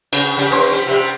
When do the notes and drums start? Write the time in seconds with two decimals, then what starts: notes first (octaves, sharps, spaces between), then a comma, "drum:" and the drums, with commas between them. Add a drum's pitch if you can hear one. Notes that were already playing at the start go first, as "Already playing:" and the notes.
0.13 C#3, drum: cymbal
0.37 C#3 G3
0.50 D#2 C#4 C5
0.72 G3
0.86 C3 G3